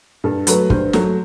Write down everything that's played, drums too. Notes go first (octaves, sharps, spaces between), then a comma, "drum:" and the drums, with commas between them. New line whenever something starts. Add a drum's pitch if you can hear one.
G2 A4
F#3 A3 B4, drum: hi-hat
G2 C5, drum: kick
F#3 A3, drum: snare